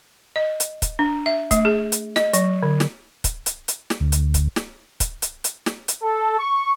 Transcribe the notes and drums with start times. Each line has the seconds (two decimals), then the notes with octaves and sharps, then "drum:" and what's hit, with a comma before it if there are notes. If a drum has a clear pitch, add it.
0.36 D#5
0.60 drum: hi-hat
0.82 drum: kick, hi-hat
0.99 D4
1.26 E5
1.51 A3, drum: kick, hi-hat
1.65 G#4
1.92 drum: hi-hat
2.16 D#5, drum: snare
2.33 F#3, drum: hi-hat
2.63 D3
2.80 drum: snare
3.24 drum: kick, hi-hat
3.46 drum: hi-hat
3.68 drum: hi-hat
3.90 drum: snare
4.00 D2
4.12 drum: hi-hat
4.34 drum: kick, hi-hat
4.56 drum: snare
5.00 drum: kick, hi-hat
5.22 drum: hi-hat
5.44 drum: hi-hat
5.66 drum: snare
5.88 drum: hi-hat
6.02 A4
6.38 C#6